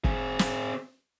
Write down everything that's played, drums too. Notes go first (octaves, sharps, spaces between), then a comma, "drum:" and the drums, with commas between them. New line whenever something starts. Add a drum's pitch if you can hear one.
C4 G#4, drum: kick
drum: snare